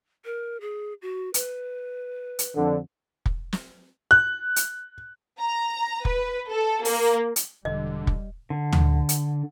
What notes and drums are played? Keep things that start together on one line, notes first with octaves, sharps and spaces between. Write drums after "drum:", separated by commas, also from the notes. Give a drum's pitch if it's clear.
A#4
G#4
F#4
B4, drum: hi-hat
drum: hi-hat
F2 D3
drum: kick
drum: snare
F#6
drum: hi-hat
A#5
B4, drum: kick
A4
A#3, drum: open hi-hat
drum: hi-hat
E1 D3 G3 D#5
drum: kick
D3
drum: tom
drum: hi-hat